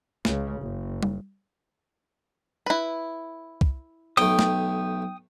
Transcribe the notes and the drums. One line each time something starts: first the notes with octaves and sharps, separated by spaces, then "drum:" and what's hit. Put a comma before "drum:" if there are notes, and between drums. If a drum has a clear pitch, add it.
C#2 C#3, drum: snare
F#1
drum: tom G3
E4 B4
drum: kick
B1 A3 G5 D#6
drum: snare